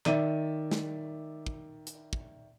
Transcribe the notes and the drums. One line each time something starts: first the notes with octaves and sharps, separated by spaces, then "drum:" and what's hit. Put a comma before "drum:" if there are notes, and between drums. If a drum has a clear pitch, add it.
D#3 D5 E5 D#7, drum: clap
drum: snare
drum: kick
drum: hi-hat
drum: kick